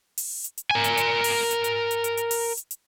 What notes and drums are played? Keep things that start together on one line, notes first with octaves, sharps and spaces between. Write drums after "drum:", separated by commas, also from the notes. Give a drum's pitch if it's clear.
drum: open hi-hat
drum: hi-hat
drum: hi-hat
A#4 G#5
drum: hi-hat
drum: hi-hat
drum: open hi-hat
drum: hi-hat
drum: hi-hat
drum: hi-hat
drum: hi-hat
drum: hi-hat
drum: open hi-hat
drum: hi-hat
drum: hi-hat